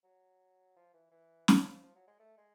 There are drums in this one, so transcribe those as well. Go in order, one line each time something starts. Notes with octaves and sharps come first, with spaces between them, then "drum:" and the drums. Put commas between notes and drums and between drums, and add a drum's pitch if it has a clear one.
F#3
F3
E3
E3
F3, drum: snare
F3
F#3
G#3
A3
G#3